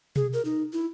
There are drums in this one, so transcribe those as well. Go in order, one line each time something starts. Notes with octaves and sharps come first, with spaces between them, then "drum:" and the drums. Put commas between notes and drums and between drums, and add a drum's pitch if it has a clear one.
G#4, drum: tom B2
A#4
D#4
E4